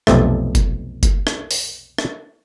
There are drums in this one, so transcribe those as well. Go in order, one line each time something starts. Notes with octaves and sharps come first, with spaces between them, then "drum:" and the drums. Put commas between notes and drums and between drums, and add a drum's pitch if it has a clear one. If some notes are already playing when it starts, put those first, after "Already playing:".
B1 F2 C3 A3, drum: rim click
drum: kick F#1, hi-hat
drum: kick F#1, hi-hat
drum: rim click
drum: open hi-hat
drum: rim click